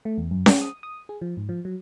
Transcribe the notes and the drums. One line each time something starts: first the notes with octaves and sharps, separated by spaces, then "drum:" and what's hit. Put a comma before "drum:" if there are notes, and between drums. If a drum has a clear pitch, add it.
A3
E2
F#2
G5, drum: snare C#4
D#6
D#6
G#4
F3
G#2
F3
F#3